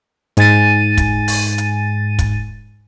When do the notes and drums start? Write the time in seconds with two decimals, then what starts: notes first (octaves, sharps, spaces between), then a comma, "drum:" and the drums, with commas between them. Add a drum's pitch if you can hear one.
0.37 G#2 G#5 A6 D#7, drum: hi-hat
0.97 drum: kick, hi-hat
1.28 drum: open hi-hat
1.58 drum: hi-hat
2.19 drum: kick, hi-hat